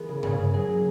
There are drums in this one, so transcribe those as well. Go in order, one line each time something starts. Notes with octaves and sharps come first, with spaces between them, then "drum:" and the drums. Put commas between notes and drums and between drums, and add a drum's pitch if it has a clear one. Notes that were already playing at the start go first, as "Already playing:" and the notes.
Already playing: E3 G#3 B3 A#4
C#3
C#3 G#4, drum: tom G2
C#3
F#3 G#4
A#3